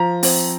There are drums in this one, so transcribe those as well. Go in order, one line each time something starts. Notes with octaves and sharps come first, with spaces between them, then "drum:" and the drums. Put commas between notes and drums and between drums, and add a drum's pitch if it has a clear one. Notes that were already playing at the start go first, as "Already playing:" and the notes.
Already playing: F3 A#5
C4, drum: open hi-hat